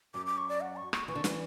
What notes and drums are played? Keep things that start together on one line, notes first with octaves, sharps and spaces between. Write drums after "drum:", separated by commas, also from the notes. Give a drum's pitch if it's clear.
F#2 F#3 D6
D6
C#6
D5
F#5
C#6
C#6, drum: rim click
E3 C#6
D3
E3, drum: snare